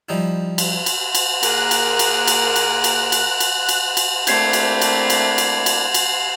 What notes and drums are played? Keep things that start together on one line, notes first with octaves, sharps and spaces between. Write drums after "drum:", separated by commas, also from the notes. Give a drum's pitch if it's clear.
F3 G3 D#4 E4
drum: cymbal
drum: cymbal
drum: cymbal
A#2 A#3 G#4 A#4 F#6, drum: cymbal
drum: cymbal
drum: cymbal
drum: cymbal
drum: cymbal
drum: cymbal
drum: cymbal
drum: cymbal
drum: cymbal
drum: cymbal
A3 A#3 C4 D4 E4 G6 G#6 C7, drum: cymbal
drum: cymbal
drum: cymbal
drum: cymbal
drum: cymbal
drum: cymbal
drum: cymbal